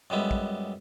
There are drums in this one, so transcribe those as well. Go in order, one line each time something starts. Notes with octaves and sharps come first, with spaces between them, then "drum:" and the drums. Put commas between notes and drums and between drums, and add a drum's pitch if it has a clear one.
F#2 G3 G#3 B3 E4
drum: kick